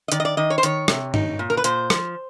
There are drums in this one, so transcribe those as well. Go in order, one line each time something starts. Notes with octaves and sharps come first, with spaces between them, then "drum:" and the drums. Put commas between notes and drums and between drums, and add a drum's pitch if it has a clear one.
D#5
D#3 D5, drum: hi-hat
D#5
D5
D#3 D#5
C#5
C5
D#3 C#5, drum: hi-hat
C3, drum: rim click
D#4, drum: tom
A#2
A#4
B4
A#2 C5, drum: hi-hat
F3, drum: rim click